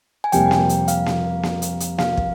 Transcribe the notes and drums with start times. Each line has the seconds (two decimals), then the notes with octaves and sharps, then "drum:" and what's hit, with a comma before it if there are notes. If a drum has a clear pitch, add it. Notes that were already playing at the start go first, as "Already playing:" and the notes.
0.24 G#5
0.32 F2 C3 G3 A#3 G5, drum: hi-hat
0.51 drum: snare A#3
0.69 drum: hi-hat
0.88 F5, drum: hi-hat
1.06 drum: snare A#3
1.43 drum: snare A#3
1.62 drum: hi-hat
1.80 drum: hi-hat
1.98 F5, drum: snare A#3
2.17 drum: kick